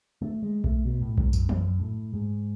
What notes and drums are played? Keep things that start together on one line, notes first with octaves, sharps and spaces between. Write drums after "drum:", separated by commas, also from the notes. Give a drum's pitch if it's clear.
A3
G#3
A3, drum: kick B1
B2
A2
G#2, drum: kick B1
F#2, drum: tambourine
F#2, drum: tom
A2
G#2